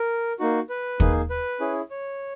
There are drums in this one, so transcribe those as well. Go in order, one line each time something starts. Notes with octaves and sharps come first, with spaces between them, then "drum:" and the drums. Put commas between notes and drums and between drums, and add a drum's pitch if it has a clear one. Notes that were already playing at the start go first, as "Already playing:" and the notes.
Already playing: A#4
A#3 D#4 F#4
B4
A#3 D#4 G#4, drum: kick
B4
C#4 E4 G#4
C#5